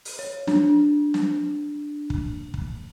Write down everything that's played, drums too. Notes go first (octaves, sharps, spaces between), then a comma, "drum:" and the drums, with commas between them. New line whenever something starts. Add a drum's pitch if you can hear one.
drum: open hi-hat
C#5
D4, drum: snare
drum: snare
drum: kick
drum: kick